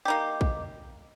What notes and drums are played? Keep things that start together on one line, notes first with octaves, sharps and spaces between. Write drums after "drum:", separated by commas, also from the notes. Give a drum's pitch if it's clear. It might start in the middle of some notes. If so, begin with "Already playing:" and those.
A#3 D#4 G4
drum: kick